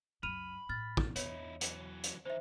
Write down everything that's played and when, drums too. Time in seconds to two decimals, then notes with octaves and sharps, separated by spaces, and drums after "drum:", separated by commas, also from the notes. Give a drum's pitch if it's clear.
0.23 C#2 F#2 B5 F6 D#7 F7
0.69 A2 F6 A6
0.97 drum: kick
1.16 E2 D#4 E4 C#5, drum: hi-hat
1.61 E3 F#3, drum: hi-hat
2.03 drum: hi-hat
2.26 E3 D#4 C5 E5